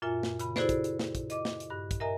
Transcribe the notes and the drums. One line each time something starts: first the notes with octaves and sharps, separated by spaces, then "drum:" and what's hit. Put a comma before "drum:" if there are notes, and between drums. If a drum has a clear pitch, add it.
F#2 A#2 F4 E5 G#5
drum: snare
C#3 B5, drum: hi-hat
E4 F#4 G#4 A4 C5 D5, drum: snare
drum: kick, hi-hat
drum: hi-hat
drum: snare
drum: kick, hi-hat
D#5 D6, drum: hi-hat
drum: snare
drum: hi-hat
G2 F#6
drum: kick, hi-hat
A#4 D#5 E5 G#5 A#5